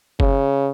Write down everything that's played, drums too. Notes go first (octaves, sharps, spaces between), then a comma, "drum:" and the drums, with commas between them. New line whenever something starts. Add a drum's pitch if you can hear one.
C#3, drum: kick F#1